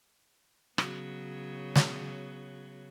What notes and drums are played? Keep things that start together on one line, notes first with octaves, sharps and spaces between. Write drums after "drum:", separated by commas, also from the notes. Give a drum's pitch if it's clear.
C#3 F#3 B3, drum: rim click
drum: snare